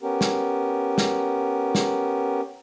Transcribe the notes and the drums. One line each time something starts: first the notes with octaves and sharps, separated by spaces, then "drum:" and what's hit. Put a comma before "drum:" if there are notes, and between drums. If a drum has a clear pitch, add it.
B3 C#4 G4 A#4
drum: snare
drum: snare
drum: snare